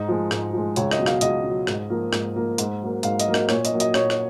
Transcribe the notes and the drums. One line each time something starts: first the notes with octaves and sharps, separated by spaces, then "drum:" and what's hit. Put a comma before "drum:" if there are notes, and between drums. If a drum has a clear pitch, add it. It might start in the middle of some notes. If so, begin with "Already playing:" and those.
Already playing: G#2 D#4
F3 G#3
G#2, drum: rim click
F3
G#3
C#2 C#5, drum: hi-hat
D#5, drum: rim click
B2 F#3
F5, drum: rim click
C#2 D#5, drum: hi-hat
B2 F#3
G#2, drum: rim click
F3 A#3
G#2, drum: rim click
F3 A#3
G#2, drum: hi-hat
F#3 A#3
G#2 F5, drum: hi-hat
D#5, drum: hi-hat
F#3 A#3
D#5, drum: rim click
A#2 C#5, drum: rim click
D#5, drum: hi-hat
F#3 A#3
D#5, drum: hi-hat
A#2 C#5, drum: rim click
drum: rim click